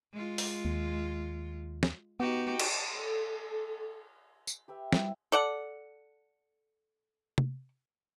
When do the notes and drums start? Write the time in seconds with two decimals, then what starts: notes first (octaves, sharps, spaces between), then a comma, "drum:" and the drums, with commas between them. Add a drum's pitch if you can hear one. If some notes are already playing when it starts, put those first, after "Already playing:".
0.13 G#3 F4
0.38 drum: open hi-hat
0.65 D#2
1.83 drum: snare
2.20 B3 D#4 F#4 G4
2.59 drum: cymbal
2.95 A4
4.47 drum: tambourine
4.68 G4 B4 E5
4.93 G3 B3 C4 E4, drum: snare
5.32 A4 D5 F#5
7.38 drum: tom C3